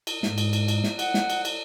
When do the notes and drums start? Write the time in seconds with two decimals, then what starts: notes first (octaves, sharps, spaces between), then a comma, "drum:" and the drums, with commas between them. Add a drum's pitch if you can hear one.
0.07 drum: cymbal
0.23 G#2, drum: snare
0.38 drum: cymbal
0.53 drum: cymbal
0.68 drum: cymbal
0.84 drum: snare
0.99 F#5, drum: cymbal
1.14 drum: snare
1.30 drum: cymbal
1.45 drum: cymbal